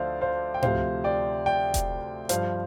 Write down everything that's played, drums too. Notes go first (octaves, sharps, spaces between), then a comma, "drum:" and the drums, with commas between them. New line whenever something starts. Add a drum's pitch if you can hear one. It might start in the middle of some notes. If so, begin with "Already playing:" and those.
Already playing: D2 D3 F3 C5 D5 F5
C5 F5
G5
D2 C3 F3 C5 F5, drum: tom G#2
D5 G5
D5 G5
drum: kick E1, hi-hat
G2 F3 C5 F5, drum: hi-hat